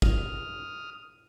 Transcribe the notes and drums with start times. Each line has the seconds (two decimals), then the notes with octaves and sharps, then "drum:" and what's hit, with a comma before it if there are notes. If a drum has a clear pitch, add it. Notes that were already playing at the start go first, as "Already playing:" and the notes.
0.02 D#6 F6, drum: kick